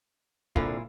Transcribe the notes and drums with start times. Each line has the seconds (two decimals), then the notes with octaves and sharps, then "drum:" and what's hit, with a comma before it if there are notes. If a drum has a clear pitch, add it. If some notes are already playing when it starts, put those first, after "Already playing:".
0.56 C2 A#2 D3 E4 F4, drum: kick